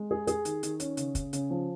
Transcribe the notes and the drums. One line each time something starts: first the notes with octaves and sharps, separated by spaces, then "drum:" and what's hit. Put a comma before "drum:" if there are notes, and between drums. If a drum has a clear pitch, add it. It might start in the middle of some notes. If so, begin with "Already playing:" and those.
Already playing: G#3
G#4
G#4, drum: hi-hat
D#3, drum: hi-hat
D#3, drum: hi-hat
C#4, drum: hi-hat
C#3, drum: hi-hat
C#3, drum: kick, hi-hat
C#3, drum: hi-hat
F3